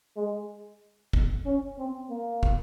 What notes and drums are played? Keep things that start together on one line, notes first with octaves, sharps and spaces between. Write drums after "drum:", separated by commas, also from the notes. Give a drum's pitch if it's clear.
G#3
drum: kick
C#4
C4
A#3
drum: kick